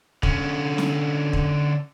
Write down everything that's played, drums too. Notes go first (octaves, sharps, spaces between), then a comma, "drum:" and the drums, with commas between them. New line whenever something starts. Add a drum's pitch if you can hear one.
D3 C#4, drum: kick
drum: snare
drum: kick